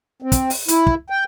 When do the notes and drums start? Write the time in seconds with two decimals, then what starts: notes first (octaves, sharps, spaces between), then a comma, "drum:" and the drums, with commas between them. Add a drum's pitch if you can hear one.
0.22 C4
0.32 drum: kick, hi-hat
0.50 drum: open hi-hat
0.68 E4, drum: hi-hat
0.87 drum: kick
1.10 G5